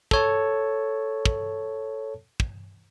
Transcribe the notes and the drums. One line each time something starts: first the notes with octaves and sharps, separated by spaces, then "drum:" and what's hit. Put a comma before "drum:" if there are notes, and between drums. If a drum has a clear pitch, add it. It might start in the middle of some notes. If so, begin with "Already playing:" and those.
A4 C#5 A5, drum: kick
drum: kick
drum: kick